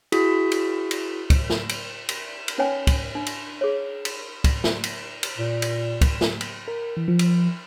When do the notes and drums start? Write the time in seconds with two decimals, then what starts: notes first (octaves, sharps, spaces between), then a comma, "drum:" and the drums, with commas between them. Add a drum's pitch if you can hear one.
0.12 E4 F#4 G#4 B6, drum: cymbal
0.52 drum: cymbal
0.91 drum: cymbal
1.30 drum: kick, cymbal
1.50 drum: snare
1.69 drum: cymbal
2.09 drum: cymbal
2.48 drum: cymbal
2.58 C#4 D#4 B4 C#5 G5 G#5
2.87 drum: kick, cymbal
3.15 D4
3.26 drum: cymbal
3.61 G#4 C#5
4.05 drum: cymbal
4.44 drum: kick, cymbal
4.64 drum: snare
4.84 drum: cymbal
5.23 drum: cymbal
5.38 A#2
5.62 drum: cymbal
6.01 drum: kick, cymbal
6.21 drum: snare
6.41 drum: cymbal
6.68 A#4
6.97 E3
7.08 F3
7.19 drum: cymbal